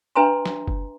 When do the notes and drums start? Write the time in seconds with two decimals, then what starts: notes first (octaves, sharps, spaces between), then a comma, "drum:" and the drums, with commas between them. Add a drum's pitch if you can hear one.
0.15 D4 B4 E5 G#5 A#5 C6
0.46 drum: snare
0.68 drum: kick F#1